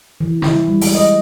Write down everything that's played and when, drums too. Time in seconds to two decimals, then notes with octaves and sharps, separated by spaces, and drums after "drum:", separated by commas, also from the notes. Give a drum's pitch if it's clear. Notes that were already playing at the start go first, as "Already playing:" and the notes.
0.20 E3
0.42 E4, drum: snare
0.68 G3
0.82 G#3, drum: open hi-hat
0.95 D#5